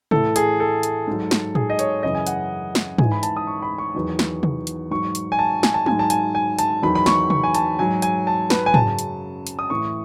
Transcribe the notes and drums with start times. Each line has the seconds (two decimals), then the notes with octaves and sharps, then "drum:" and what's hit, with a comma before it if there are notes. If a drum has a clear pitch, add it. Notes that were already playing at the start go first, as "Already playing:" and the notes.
0.11 A2 E3 A4, drum: tom C3
0.36 G#4, drum: hi-hat
0.60 A4
0.83 drum: hi-hat
1.07 G#2 F#3
1.31 drum: snare
1.55 G#4, drum: tom A2
1.70 D#5
1.79 C#5, drum: hi-hat
2.03 F#2 C#3 E3 D#5
2.15 G#5
2.27 F#5, drum: hi-hat
2.75 drum: snare
2.98 G#2 E3 G#5, drum: tom
3.12 B5
3.23 A5, drum: hi-hat
3.36 D#6
3.47 C#6
3.62 B5
3.78 C#6
3.95 E2 D#3 F#3
4.19 drum: snare
4.43 drum: tom C3
4.67 drum: hi-hat
4.91 G#2 F#3 C#6
5.15 drum: hi-hat
5.32 G#5
5.39 A5
5.63 G#5, drum: snare
5.74 A5
5.86 G#2 F#3 G#5, drum: tom G#3
5.99 A5
6.10 G#5, drum: hi-hat
6.35 G#5
6.59 A5, drum: hi-hat
6.82 E2 D#3 F#3 B5
6.95 B5
7.06 C#6, drum: snare
7.30 C#6, drum: tom C3
7.44 G#5
7.55 A5, drum: hi-hat
7.79 G#2 F#3 G#5
8.02 G#5, drum: hi-hat
8.27 A5
8.50 B4, drum: snare
8.66 G#5
8.74 F#2 C#3 F#3 A5, drum: tom
8.99 drum: hi-hat
9.47 drum: hi-hat
9.59 D#6
9.70 A2 E3 C#6